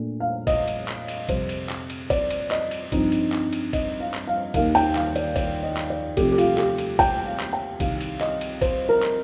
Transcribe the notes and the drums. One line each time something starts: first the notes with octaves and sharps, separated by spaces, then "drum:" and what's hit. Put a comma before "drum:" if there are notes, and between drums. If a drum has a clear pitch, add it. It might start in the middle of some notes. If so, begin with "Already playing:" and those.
Already playing: A#2 A3 D4
F5
D#5, drum: kick, cymbal
drum: cymbal
drum: clap
drum: cymbal
F2 C3 G3 C4 C5, drum: kick, cymbal
drum: cymbal
drum: clap
drum: cymbal
D5, drum: kick, cymbal
drum: cymbal
D#5, drum: clap
drum: cymbal
G2 F3 C4 D#4, drum: kick, cymbal
drum: cymbal
drum: clap
drum: cymbal
D#5, drum: kick, cymbal
F5
drum: clap
F5
D#2 D#3 A#3 F5, drum: kick, cymbal
G5, drum: cymbal
F5, drum: clap
D5, drum: cymbal
D5, drum: kick, cymbal
D#5
drum: clap
D5
C3 F3 A3 G4, drum: kick, cymbal
G4
F4, drum: cymbal
G4, drum: clap
drum: cymbal
G5, drum: kick, cymbal
F5
drum: clap
G5
C2 C3 D#3 G3 F5, drum: kick, cymbal
drum: cymbal
D#5, drum: clap
drum: cymbal
C5, drum: kick, cymbal
A#4
drum: clap